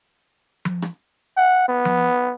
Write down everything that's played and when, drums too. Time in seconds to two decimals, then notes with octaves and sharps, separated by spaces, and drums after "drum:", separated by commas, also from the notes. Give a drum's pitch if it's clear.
0.65 drum: tom F3
0.82 drum: rim click
1.36 F#5
1.68 B3
1.85 drum: tom F3